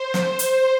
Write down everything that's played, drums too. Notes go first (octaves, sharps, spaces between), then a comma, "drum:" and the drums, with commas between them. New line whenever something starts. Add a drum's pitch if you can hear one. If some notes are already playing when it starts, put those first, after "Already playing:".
Already playing: C5
drum: snare
drum: hi-hat